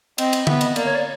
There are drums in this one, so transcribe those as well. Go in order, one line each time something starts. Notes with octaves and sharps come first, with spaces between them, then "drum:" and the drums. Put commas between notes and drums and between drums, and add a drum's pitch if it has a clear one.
C4 D#5, drum: cymbal
drum: cymbal
B3 E5, drum: tom D3
D#5, drum: cymbal
A#3 D5, drum: cymbal
C#5
D5